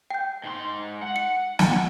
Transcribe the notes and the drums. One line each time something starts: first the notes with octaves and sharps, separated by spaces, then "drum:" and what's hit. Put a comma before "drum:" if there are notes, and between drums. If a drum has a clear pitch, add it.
G5 G6
G#2 C6
F#5
C#7
drum: snare